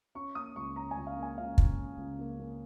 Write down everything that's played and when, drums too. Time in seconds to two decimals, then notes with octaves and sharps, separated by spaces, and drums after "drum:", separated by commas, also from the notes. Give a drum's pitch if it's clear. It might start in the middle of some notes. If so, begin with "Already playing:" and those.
0.15 C#4 C#6
0.35 A#3 D#6
0.56 C#2 C#6
0.76 C#4 A#5
0.91 G#5
0.96 C#2
1.07 F5
1.17 A#3
1.22 G#5
1.38 C#2 F5
1.58 C#2, drum: kick
1.78 C#3
1.98 C#2
2.19 A#3
2.39 A#3